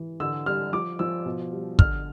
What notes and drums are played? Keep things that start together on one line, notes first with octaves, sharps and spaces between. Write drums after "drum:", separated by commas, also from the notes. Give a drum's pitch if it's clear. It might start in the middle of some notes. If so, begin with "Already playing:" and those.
Already playing: E3
D3 E6
G3 F6
F3 D6
F3 E6
B2
G3
D3 F6, drum: kick